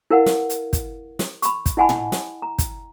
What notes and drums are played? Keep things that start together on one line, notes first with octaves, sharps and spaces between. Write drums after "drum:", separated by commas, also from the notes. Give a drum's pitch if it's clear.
E4 A#4 B4 F5 F#5
drum: snare
drum: hi-hat
drum: kick, hi-hat
drum: snare
B5 C#6, drum: hi-hat
drum: kick, hi-hat
E4 D#5 F#5 G#5 A5 B5
drum: tom A2
drum: snare
A#5
drum: kick, hi-hat